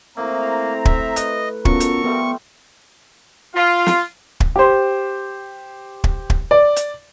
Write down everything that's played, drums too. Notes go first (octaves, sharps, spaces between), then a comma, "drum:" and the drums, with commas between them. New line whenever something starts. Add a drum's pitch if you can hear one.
A3 A#3 C4 D#4 E4 A#5
E5, drum: kick
B4 D#5, drum: hi-hat
B3 C#4 F4 F#4 A4 A#4 C#6, drum: kick
drum: hi-hat
F3 G3 A3 B3
F4
drum: snare
drum: kick
G4 C5
drum: kick
drum: kick
D5
drum: hi-hat